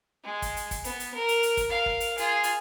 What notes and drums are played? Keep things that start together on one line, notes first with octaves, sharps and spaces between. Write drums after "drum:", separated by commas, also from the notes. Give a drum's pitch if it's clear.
G#3
drum: kick, hi-hat
drum: hi-hat
drum: kick, hi-hat
B3, drum: hi-hat
drum: hi-hat
A#4
drum: hi-hat
drum: hi-hat
drum: kick, hi-hat
A#4 F5
drum: kick
drum: hi-hat
F4 G#4, drum: hi-hat
drum: hi-hat